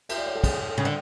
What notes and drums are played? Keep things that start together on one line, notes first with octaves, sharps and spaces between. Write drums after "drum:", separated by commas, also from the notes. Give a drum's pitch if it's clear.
E5, drum: cymbal
D5
C#5
A4
G#4, drum: kick, cymbal
G#4
A4
C#3
D3